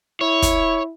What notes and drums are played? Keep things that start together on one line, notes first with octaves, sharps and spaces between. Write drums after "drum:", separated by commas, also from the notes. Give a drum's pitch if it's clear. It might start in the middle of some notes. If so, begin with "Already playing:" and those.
E4 C#5
drum: kick, hi-hat